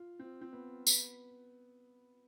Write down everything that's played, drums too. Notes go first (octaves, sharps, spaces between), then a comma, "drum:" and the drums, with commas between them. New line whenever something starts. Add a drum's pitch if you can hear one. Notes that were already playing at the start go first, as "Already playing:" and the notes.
Already playing: F4
C4
C4
B3
B3, drum: tambourine